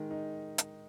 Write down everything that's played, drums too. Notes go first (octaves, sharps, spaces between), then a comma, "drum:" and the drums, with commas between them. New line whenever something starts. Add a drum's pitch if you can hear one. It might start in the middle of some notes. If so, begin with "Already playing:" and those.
Already playing: D#3 G#3 D#4
D#4
drum: hi-hat